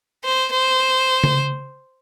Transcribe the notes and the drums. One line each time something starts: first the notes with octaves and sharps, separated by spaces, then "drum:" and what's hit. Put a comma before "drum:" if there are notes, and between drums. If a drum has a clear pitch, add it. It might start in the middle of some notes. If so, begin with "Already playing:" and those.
C5
C5
drum: tom C#3